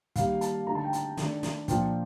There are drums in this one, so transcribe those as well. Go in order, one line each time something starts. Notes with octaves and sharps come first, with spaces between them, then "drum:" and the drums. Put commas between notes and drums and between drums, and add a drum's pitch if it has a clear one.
D#3 G3 A#3 F5, drum: kick, hi-hat
A5, drum: hi-hat
D3 A3 D#4 A#5
A5
G5
A5, drum: hi-hat
D#3 A3 D4, drum: snare
drum: snare
A#2 F3 A#3 D4 G5, drum: kick, hi-hat